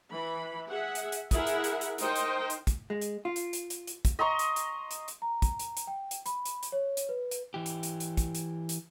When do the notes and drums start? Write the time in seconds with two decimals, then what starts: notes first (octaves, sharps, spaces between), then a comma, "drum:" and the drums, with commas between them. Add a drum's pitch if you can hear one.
0.13 E3 B5
0.69 G#4 E5 F#5
0.95 drum: hi-hat
1.12 drum: hi-hat
1.31 E4 G#4 A#4 E5 F#5, drum: kick, hi-hat
1.47 drum: hi-hat
1.64 drum: hi-hat
1.81 drum: hi-hat
1.98 D#4 A#4 C5 D#5 G5, drum: hi-hat
2.15 drum: hi-hat
2.50 drum: hi-hat
2.67 drum: kick, hi-hat
2.90 G#3
3.01 drum: hi-hat
3.25 F4
3.36 drum: hi-hat
3.53 drum: hi-hat
3.70 drum: hi-hat
3.87 drum: hi-hat
4.05 drum: kick, hi-hat
4.19 D#5 A#5 C6 C#6
4.39 drum: hi-hat
4.56 drum: hi-hat
4.91 drum: hi-hat
5.08 drum: hi-hat
5.22 A#5
5.42 drum: kick, hi-hat
5.59 drum: hi-hat
5.77 drum: hi-hat
5.87 G5
6.11 drum: hi-hat
6.26 B5, drum: hi-hat
6.45 drum: hi-hat
6.63 drum: hi-hat
6.72 C#5
6.97 drum: hi-hat
7.09 B4
7.31 drum: hi-hat
7.54 E3 G4
7.66 drum: hi-hat
7.83 drum: hi-hat
8.00 drum: hi-hat
8.17 drum: kick, hi-hat
8.35 drum: hi-hat
8.69 drum: hi-hat